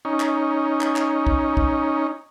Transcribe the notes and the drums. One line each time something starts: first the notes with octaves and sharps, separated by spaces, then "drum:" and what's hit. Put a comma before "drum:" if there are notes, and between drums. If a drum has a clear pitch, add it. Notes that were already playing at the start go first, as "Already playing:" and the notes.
C#4 D#4
drum: clap
drum: clap
drum: clap
drum: kick
drum: kick